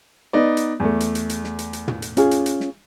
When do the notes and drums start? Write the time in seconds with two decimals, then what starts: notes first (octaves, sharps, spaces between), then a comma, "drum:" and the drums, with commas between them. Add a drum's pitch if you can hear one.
0.33 B3 D#4 D5
0.57 drum: hi-hat
0.80 E2 A3
1.00 drum: hi-hat
1.15 drum: hi-hat
1.30 drum: hi-hat
1.44 drum: snare
1.59 drum: hi-hat
1.73 drum: hi-hat
1.88 drum: tom
2.02 drum: hi-hat
2.17 C#4 F4 G#4, drum: hi-hat
2.31 drum: hi-hat
2.46 drum: hi-hat
2.60 drum: snare